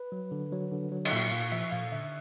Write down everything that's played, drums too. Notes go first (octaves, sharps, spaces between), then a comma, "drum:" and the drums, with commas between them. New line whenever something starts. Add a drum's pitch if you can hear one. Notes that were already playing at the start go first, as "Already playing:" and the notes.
Already playing: B4
F#3
D3
F#3
D3
F#3
D#5, drum: cymbal
A#2 E5
A#2 F5
F3 E5
A#2 F5
D3 E5